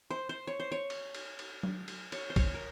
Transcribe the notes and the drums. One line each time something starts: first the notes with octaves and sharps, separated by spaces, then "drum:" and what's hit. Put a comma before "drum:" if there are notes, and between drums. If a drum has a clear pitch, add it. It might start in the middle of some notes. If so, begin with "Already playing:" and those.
C5
C5
C#5
C5
C#5
drum: cymbal
drum: cymbal
drum: cymbal
drum: tom F#3
drum: cymbal
C#5, drum: cymbal
C5
C#5, drum: kick, cymbal
A#4